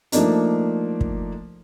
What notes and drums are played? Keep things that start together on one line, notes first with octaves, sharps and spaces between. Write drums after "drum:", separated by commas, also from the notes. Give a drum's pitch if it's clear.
F3 A3 A#3 D4 D#4, drum: hi-hat
drum: kick